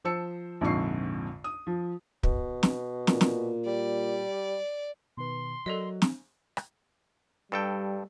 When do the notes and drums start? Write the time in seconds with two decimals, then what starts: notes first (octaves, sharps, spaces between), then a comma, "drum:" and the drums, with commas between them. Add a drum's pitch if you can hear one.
0.04 F3 C5 A5 E6 C#7
0.61 A#1 F2 G#2 D3 C#6 C7
1.44 D#6
1.67 F3
2.23 B2, drum: kick
2.63 drum: snare
3.07 A#2, drum: snare
3.21 drum: snare
3.66 G3 D5
5.17 B2 D#3 B4 C6
5.66 F#3 A4 A#4 D5 D#5
6.02 drum: snare
6.57 drum: rim click
7.52 G2 G3 A4 G5